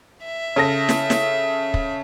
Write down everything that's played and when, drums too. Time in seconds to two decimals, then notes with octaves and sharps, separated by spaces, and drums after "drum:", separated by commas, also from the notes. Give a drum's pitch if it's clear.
0.25 E5
0.56 C#3 A4 A#6
0.89 drum: snare
1.10 drum: snare
1.74 drum: kick